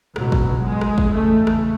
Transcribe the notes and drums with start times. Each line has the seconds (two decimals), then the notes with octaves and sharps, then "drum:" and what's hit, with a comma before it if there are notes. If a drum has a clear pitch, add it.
0.16 C#2 B2 F#3, drum: rim click
0.32 drum: kick
0.64 G#3
0.81 drum: rim click
0.98 drum: kick
1.14 E2 C#3 A3
1.47 drum: rim click